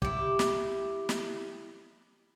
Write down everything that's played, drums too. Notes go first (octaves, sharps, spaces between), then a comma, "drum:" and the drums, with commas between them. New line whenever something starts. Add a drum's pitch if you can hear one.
E4 G4, drum: kick
drum: snare
drum: snare